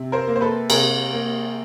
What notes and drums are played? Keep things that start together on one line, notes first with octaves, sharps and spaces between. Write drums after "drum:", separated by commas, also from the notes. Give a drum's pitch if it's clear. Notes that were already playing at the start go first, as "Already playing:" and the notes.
Already playing: C3
A#4 C5
A#3
C5
A4 B4
C3 G#4 A#4, drum: cymbal
A#3